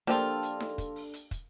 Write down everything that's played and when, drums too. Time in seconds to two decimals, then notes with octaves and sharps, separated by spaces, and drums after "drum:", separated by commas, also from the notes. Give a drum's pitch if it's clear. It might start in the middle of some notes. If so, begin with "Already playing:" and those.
0.07 F3 A#3 D4 F4 G4 A4 G5, drum: hi-hat
0.43 drum: hi-hat
0.60 drum: snare D#4
0.78 drum: kick, hi-hat
0.96 drum: open hi-hat
1.13 drum: hi-hat
1.31 drum: kick, hi-hat